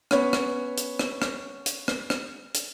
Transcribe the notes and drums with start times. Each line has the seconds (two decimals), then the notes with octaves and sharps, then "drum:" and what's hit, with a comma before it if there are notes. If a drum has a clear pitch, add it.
0.11 B3 C#4 B4 C#5, drum: rim click
0.33 drum: rim click
0.77 drum: hi-hat
0.99 drum: rim click
1.22 drum: rim click
1.66 drum: hi-hat
1.88 drum: rim click
2.10 drum: rim click
2.54 drum: hi-hat